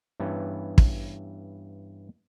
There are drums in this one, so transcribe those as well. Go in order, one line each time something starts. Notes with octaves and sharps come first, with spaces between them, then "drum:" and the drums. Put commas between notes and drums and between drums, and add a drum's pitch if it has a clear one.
G2 E3 B3 C#4
drum: kick